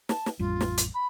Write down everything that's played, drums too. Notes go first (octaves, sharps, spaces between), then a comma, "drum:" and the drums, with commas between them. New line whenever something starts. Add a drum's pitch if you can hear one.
A5, drum: snare
drum: snare
A1 F2 G3 F4
drum: snare
drum: hi-hat
B5